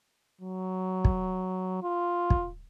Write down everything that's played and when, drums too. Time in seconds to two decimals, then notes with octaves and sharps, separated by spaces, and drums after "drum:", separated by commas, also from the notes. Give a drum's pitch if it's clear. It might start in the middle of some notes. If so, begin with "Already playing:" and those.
0.41 F#3
1.05 drum: kick
1.83 F4
2.30 drum: kick